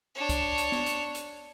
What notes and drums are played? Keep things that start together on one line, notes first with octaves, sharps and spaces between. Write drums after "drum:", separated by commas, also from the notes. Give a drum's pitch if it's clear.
D4 C#5
drum: kick, hi-hat
drum: hi-hat
drum: snare
drum: hi-hat
drum: hi-hat